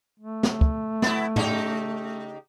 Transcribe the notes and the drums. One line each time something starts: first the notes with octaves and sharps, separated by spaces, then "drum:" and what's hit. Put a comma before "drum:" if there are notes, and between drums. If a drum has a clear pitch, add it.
A3
drum: snare
drum: kick
B3 E4, drum: snare
C#3 D#4 G4, drum: tom